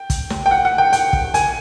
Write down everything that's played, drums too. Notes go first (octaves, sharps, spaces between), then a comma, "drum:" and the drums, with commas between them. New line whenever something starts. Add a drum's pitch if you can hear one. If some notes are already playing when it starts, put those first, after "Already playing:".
Already playing: G5
drum: kick, hi-hat
drum: snare
G5
F#5
F#5
G5
G5, drum: hi-hat
drum: kick
G#5, drum: hi-hat